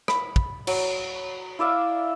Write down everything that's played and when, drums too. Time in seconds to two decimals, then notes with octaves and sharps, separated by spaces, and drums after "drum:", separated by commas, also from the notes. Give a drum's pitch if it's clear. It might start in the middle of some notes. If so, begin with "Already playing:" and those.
0.08 B5, drum: rim click
0.36 drum: kick
0.67 F#3, drum: cymbal
1.59 E4 D5 E5 F5